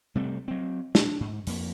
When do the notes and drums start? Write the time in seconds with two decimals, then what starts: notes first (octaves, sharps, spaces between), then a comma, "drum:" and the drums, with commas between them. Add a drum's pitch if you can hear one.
0.15 C3 G3 A3 C4
0.48 F#3 C4
0.95 D4, drum: snare
1.21 G#2
1.47 F2 A#3, drum: open hi-hat